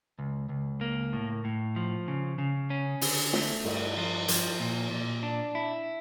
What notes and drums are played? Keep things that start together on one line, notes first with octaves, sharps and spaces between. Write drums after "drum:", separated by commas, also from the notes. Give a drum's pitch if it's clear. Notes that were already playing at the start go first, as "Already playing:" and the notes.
C#2
C#2
A#3
A2
A2
F3
C#3
C#3
C#4
D3, drum: open hi-hat
A3, drum: snare
G2, drum: cymbal
F3
F3, drum: hi-hat
A#2
A#2
D4
E4